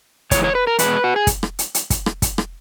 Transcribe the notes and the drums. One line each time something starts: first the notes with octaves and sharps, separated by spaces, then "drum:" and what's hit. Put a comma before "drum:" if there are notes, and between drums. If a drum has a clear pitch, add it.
E2 C#3 E3 G#3 C#5, drum: kick, hi-hat
C#5
B4
A#4
E2 B2 G#3 B4, drum: hi-hat
F#4
G#4
drum: kick, hi-hat
drum: rim click
drum: hi-hat
drum: hi-hat
drum: kick, hi-hat
drum: rim click
drum: kick, hi-hat
drum: rim click